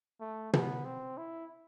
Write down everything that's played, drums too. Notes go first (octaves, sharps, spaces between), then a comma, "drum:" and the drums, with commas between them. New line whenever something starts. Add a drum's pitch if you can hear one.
A3
B3, drum: tom
C4
E4